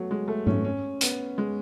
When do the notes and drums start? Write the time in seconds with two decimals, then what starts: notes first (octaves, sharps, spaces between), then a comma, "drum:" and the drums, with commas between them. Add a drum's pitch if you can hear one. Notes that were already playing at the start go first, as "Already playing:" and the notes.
Already playing: F#3 A3 B3
0.11 G#3
0.28 A3
0.47 C#4, drum: tom
0.65 C#4
1.01 B3, drum: hi-hat
1.38 G#3